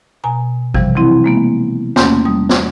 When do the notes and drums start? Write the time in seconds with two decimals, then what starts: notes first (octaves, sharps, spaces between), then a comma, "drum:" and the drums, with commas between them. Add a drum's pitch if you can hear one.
0.24 B2 G#5 A#5
0.74 C3 E3 F3 G3, drum: kick A1
0.96 E3 F#3 C4 E4
1.24 G#3 A#3 B3
1.96 E2 A3 A#3 C#4 C6 G6, drum: snare
2.25 G3 A3 D#6
2.49 drum: snare